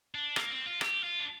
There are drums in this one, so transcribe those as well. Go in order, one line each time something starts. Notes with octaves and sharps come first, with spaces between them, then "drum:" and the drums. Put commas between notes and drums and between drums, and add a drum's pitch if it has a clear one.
D4
A#3, drum: rim click
C4
F4
G4, drum: rim click
F4
D4